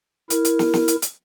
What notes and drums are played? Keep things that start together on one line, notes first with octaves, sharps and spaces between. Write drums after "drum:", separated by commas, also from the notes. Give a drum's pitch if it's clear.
E4 A#4, drum: hi-hat
drum: hi-hat
drum: snare
drum: snare
drum: hi-hat
drum: hi-hat